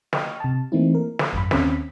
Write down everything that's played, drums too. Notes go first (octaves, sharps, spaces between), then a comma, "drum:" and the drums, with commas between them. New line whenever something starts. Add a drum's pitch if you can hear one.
D#5 G5 C#6 D#6 F6, drum: snare
C3 A5
E3 A3 A#3 C4 D#4 E4
A#4
drum: snare
G#1 F#2 B5
D#2 C4 C#4 B5 B6, drum: snare